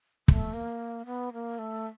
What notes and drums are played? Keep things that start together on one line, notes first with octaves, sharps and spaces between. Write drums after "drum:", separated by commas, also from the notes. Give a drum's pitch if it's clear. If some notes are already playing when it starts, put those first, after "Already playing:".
A3, drum: kick
A#3
B3
A#3
A3